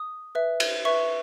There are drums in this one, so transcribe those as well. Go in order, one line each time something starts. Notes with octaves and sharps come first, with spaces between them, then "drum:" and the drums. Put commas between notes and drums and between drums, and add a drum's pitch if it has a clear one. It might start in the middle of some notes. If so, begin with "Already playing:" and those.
Already playing: D#6
B4 E5
drum: cymbal
B4 E5 C#6